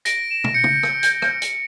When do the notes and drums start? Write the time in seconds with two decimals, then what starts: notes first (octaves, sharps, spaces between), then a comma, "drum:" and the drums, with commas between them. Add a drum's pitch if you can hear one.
0.05 A#6 D7, drum: hi-hat
0.30 E7
0.44 drum: tom
0.54 G6 C#7
0.64 drum: tom
0.83 drum: rim click
1.03 drum: hi-hat
1.22 drum: rim click
1.42 drum: hi-hat